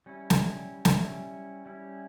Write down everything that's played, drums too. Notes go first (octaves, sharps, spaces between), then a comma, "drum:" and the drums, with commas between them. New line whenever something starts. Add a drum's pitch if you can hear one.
G3 C#4 E4
drum: snare
G3 C#4 E4, drum: snare
G3 C#4 E4